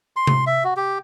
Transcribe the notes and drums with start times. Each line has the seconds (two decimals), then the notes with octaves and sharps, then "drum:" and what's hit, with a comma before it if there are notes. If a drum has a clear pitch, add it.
0.16 C6
0.27 drum: tom C3
0.47 E5
0.64 F#4
0.77 G4